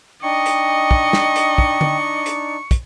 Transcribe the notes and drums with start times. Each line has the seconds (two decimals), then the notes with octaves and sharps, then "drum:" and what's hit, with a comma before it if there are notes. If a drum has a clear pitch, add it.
0.23 D4 D#4 D#5 G5 C#6
0.46 drum: hi-hat
0.91 drum: kick
1.13 drum: snare
1.36 drum: hi-hat
1.58 drum: kick
1.81 drum: tom D3
2.26 drum: hi-hat
2.71 drum: kick, hi-hat